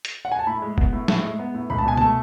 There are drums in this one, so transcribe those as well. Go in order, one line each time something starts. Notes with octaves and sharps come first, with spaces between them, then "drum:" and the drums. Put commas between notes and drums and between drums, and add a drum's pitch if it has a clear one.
drum: hi-hat
F#5
G#5
A5
A2 B5
G#3
B3, drum: kick
A2
A2, drum: snare
G#3
B3
A2
C#2 B5
A5
B2 G#5
A3 A5, drum: tom B2